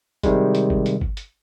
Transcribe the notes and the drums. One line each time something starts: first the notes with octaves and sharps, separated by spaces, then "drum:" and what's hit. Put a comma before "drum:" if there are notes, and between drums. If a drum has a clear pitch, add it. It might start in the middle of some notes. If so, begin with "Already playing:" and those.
C3 D#3 G3 G#3, drum: kick G1, hi-hat
drum: hi-hat
drum: kick G1
drum: hi-hat
drum: kick G1
drum: hi-hat